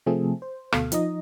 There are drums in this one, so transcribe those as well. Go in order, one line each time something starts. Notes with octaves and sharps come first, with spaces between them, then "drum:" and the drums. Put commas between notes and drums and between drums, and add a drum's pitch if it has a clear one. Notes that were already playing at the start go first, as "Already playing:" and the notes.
C3 F3 A3 C4 G#4 A4
C5
D2 B2 A4 F5, drum: rim click
F3 D#4 D#5, drum: hi-hat